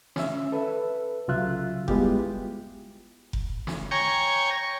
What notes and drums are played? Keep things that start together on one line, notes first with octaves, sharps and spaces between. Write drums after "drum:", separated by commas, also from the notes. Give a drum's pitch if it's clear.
C#4 E5, drum: snare
A4 B4 E5
C2 C#3 F#3 F4 E5 F#6
G3 G#3 B3 E4 F4 G4, drum: kick F1
drum: kick F1
drum: snare
C#5 G5 G#5 A#5 C#6